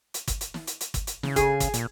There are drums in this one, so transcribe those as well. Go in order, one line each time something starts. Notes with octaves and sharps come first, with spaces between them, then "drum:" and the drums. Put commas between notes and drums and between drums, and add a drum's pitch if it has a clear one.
drum: hi-hat
drum: kick, hi-hat
drum: hi-hat
drum: snare
drum: hi-hat
drum: hi-hat
drum: kick, hi-hat
drum: hi-hat
C#3, drum: snare
G#4, drum: kick, hi-hat
drum: kick, hi-hat
A#2, drum: hi-hat